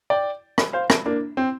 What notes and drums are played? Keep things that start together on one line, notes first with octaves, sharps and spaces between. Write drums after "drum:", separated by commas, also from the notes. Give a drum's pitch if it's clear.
D5 G5
drum: rim click
C5 F5
drum: rim click
A#3 D4
C4